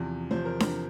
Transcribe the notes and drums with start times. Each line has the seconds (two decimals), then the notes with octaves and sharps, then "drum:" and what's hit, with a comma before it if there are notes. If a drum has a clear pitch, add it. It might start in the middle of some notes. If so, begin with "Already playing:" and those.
Already playing: E2 C3 F3
0.31 E2 C3 F3 C5
0.45 A#4
0.60 A#4, drum: snare D4